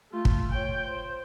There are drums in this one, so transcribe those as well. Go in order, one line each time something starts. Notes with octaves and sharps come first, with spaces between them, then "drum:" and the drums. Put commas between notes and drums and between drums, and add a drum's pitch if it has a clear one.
A3 F4
drum: kick
C#5 G5
C5